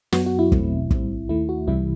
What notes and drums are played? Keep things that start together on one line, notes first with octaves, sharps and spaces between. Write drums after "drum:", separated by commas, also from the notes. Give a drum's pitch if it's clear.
F#2 F#3 B3 F#4, drum: snare
F#4
E4
E2 B2 F#3 A3 C4, drum: kick
B1 A2 G3 C4, drum: kick
D#2 D#3 A3 E4
F#4
C2 C3 E3 G3 E4